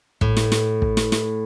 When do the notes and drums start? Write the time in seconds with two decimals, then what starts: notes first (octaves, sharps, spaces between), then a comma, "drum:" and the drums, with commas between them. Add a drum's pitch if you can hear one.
0.21 A2, drum: kick
0.37 drum: snare
0.52 drum: snare
0.82 drum: kick
0.97 drum: snare
1.12 drum: snare